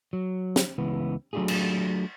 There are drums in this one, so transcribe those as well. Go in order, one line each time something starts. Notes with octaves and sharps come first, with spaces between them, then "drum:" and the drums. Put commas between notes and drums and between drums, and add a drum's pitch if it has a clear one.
F#3
drum: snare
C#2 E3 B3
F#3 A3 D4 F4 G4 G#4
drum: cymbal